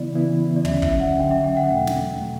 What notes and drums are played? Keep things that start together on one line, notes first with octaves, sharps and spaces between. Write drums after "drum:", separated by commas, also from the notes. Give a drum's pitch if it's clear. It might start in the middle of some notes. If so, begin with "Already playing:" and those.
Already playing: C#3 E3 B3 E4 D5
C#3 E3 B3 E4
D5
D3 F#3 C#4 E5, drum: tom
E5, drum: kick
F#5
D3 F#3 C#4 G5
E5
G5
F#5
G5
E2 B2 F#3 A3 F#5
drum: snare
B2 F#3 A3